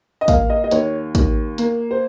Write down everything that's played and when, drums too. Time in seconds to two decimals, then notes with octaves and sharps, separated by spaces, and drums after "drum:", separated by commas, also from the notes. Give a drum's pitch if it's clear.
0.21 D#5
0.28 A#3 F5, drum: kick, hi-hat
0.50 D#5
0.64 D#5
0.71 D#2 C#5, drum: hi-hat
1.15 D#2, drum: kick, hi-hat
1.58 A#3, drum: hi-hat
1.91 C5